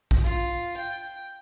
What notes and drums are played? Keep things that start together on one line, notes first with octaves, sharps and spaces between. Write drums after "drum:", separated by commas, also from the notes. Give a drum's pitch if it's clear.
drum: kick
F4
G5